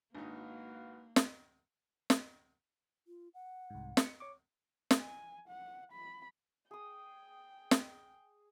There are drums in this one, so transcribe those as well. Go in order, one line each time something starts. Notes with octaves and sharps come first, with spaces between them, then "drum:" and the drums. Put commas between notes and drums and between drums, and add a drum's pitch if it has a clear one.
G#1 A#3 D4 D#4 F#4 B4 F5
drum: snare
drum: snare
F4
F#5
C2 G#2
B6 C#7, drum: snare
C#5 C#6 D6
drum: snare
G#5
F#5
B5
G#4 G5 D#6
drum: snare